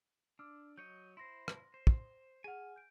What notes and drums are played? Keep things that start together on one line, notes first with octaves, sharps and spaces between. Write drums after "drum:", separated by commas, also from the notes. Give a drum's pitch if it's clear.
D4 D6 E6 F6
F#3 C#5 D#5 G6
E4 C5 C6 A#6
drum: rim click
C5
drum: kick
G#4 F#5 G#5 F6
G6 D7